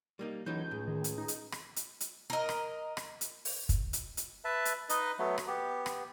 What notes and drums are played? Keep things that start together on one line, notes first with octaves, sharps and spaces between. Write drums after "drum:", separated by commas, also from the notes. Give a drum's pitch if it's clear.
G3 A#3 D#4
C#2 E3 F#3 D#4 G6
A2 G#4
D#3
drum: hi-hat
D#4
drum: hi-hat
drum: rim click
drum: hi-hat
drum: hi-hat
A#4 D#5
drum: rim click
drum: rim click
drum: hi-hat
drum: open hi-hat
drum: kick, hi-hat
drum: hi-hat
drum: hi-hat
B4 E5 A5
drum: hi-hat
D#4 B4 D#5, drum: hi-hat
F#3 A3 B3
drum: rim click
B3 G4
drum: rim click